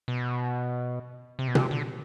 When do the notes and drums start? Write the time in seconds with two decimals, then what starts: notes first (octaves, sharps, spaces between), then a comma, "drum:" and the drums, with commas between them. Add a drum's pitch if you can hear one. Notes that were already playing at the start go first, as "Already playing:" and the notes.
0.08 B2
1.39 C3
1.48 B2
1.55 C3, drum: tom B2
1.71 D3